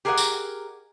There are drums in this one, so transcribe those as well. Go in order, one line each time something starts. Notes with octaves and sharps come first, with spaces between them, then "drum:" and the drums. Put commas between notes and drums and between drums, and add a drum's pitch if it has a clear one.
G4 G#4 A#4 C#5 D#5 F#5
drum: tambourine